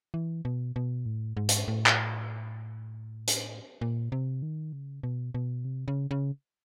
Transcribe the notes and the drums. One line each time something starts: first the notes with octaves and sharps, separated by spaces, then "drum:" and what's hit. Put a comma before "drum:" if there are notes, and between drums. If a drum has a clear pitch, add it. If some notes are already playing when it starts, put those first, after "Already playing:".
E3
B2
B2
A2
G#2
drum: hi-hat
A2
drum: clap
drum: hi-hat
A#2
C3
D#3
C#3
B2
B2
C3
C#3
C#3